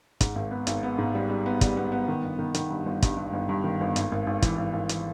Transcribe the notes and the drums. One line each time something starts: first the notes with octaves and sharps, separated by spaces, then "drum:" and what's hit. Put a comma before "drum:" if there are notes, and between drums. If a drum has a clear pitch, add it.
G#2, drum: kick, hi-hat
G#1
B3
G#1, drum: hi-hat
B3
G#2
G3
G3
B3
G3, drum: kick, hi-hat
B3
B3
D#3
G1
D#3
D#3, drum: hi-hat
G2
G1
G2, drum: kick, hi-hat
G2
G1
G2
D#3
G1
G#1, drum: hi-hat
G#1
G#1
E3, drum: kick, hi-hat
G#1
G#1
E3, drum: hi-hat